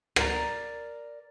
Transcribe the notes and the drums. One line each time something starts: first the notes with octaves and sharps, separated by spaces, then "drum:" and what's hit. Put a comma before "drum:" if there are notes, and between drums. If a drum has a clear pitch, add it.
A#4 D5 A#5, drum: rim click